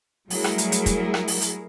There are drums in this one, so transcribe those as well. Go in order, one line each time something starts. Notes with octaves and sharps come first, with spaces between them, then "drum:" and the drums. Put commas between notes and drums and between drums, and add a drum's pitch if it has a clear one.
F#3 G3 A3 E4 G#4 A#4, drum: open hi-hat
drum: rim click
drum: hi-hat
drum: hi-hat
drum: kick, hi-hat
drum: rim click
drum: open hi-hat
drum: hi-hat